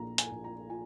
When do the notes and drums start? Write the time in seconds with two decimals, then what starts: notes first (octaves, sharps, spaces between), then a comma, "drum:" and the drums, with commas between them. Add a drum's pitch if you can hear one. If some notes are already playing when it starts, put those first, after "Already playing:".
Already playing: A#1 A#2 A#5
0.18 G#5, drum: hi-hat
0.32 A#1
0.44 A#5
0.70 F3 G#5